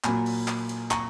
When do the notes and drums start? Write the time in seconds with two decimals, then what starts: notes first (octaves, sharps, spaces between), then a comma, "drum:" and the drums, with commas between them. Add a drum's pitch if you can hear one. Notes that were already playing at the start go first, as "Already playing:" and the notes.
0.04 A#2 F#3 A#3 G#5 B5, drum: clap
0.26 drum: open hi-hat
0.48 drum: clap
0.69 drum: hi-hat
0.91 A#5 C#6, drum: clap